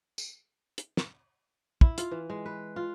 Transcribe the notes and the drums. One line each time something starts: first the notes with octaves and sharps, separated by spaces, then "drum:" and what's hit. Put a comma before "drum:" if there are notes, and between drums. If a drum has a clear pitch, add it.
drum: tambourine
drum: hi-hat
drum: snare
E4, drum: kick
F4, drum: hi-hat
E3
G#3
B4
F4